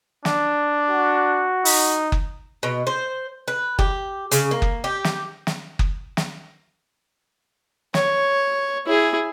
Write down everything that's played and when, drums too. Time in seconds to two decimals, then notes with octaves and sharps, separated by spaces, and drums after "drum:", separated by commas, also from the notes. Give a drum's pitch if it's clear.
0.25 D4, drum: snare
0.90 F#4
1.65 D#4, drum: open hi-hat
2.12 drum: kick F#1
2.63 B2
2.87 C5
3.48 B4
3.79 G4, drum: kick F#1
4.31 C#3, drum: hi-hat
4.51 A#3
4.62 drum: kick F#1
4.84 G4
5.04 drum: snare
5.47 drum: snare
5.79 drum: kick F#1
6.17 drum: snare
7.94 C#5, drum: snare
8.86 E4 G#4